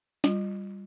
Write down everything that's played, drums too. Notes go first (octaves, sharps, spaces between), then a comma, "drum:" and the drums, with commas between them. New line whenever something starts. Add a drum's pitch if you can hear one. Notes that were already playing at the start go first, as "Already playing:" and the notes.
G3 F4, drum: snare